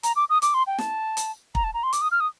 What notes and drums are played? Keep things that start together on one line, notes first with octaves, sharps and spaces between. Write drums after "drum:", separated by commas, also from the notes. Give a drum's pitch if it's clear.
A#5, drum: hi-hat
D6
D#6
D6, drum: hi-hat
C6
G5
A5, drum: snare
drum: hi-hat
A#5, drum: kick
A5
A#5
C6
D6, drum: hi-hat
D#6
F6
D#6